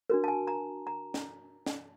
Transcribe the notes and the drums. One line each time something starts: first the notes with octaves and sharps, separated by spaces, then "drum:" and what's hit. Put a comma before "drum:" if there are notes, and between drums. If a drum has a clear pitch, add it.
D4 F#4 A#4
A5
G#5
A#5
A#5
drum: snare
drum: snare